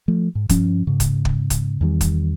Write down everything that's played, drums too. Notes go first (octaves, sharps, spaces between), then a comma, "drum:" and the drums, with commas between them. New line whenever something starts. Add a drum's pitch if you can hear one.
F3 A3
G#2
G2 F3 C#4, drum: kick, hi-hat
G#2 C#3
drum: kick, hi-hat
drum: kick
drum: kick, hi-hat
E2 D#3 G3
drum: kick, hi-hat